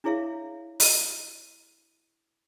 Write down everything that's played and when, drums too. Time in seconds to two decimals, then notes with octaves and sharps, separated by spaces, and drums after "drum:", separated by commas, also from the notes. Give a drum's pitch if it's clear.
0.04 D4 E4 G#4 C#5 E5 F5
0.80 drum: open hi-hat